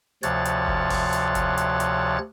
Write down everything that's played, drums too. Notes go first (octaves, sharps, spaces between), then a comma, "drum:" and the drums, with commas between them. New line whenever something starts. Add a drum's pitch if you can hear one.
D2 C3 F3 C#5 F#6 A6, drum: hi-hat
drum: hi-hat
drum: kick
drum: kick, open hi-hat
drum: hi-hat
drum: kick, hi-hat
drum: hi-hat
drum: hi-hat